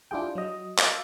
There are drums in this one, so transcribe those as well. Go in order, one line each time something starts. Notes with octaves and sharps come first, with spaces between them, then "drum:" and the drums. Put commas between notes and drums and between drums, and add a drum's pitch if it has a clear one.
D4 E4 F4 G4 G#4 G5
F#3 D#5
D#5 F5 D6 E6, drum: clap